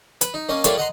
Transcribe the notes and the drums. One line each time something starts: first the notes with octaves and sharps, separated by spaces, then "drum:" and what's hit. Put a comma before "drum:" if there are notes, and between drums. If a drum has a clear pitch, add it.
B4, drum: hi-hat
D#4
A#3 C#4 D#5
G3 A3 A#3 D4 F4 C#5, drum: hi-hat
D#5 F#5 A#5 C6